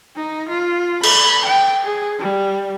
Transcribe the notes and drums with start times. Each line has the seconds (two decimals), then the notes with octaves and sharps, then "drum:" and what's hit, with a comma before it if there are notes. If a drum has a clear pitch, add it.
0.16 D#4
0.49 F4
1.04 B5, drum: cymbal
1.45 G5
1.84 G#4
2.19 G3